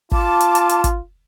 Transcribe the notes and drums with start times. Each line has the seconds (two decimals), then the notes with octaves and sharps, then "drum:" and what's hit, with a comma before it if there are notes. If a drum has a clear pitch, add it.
0.12 F4 A5 D6, drum: kick
0.40 drum: hi-hat
0.55 drum: hi-hat
0.69 drum: hi-hat
0.84 drum: kick, hi-hat